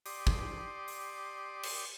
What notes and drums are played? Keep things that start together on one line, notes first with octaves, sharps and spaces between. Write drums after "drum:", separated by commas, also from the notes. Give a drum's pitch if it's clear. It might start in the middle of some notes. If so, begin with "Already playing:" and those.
G4 D5 C6 D6 D#6, drum: open hi-hat
drum: kick
drum: open hi-hat
drum: cymbal